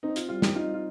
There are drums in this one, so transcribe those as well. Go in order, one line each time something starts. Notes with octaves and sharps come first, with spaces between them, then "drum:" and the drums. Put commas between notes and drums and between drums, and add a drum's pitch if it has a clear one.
C4 D#4
F4, drum: hi-hat
G3 F4
G4, drum: snare
D#4 F4
F4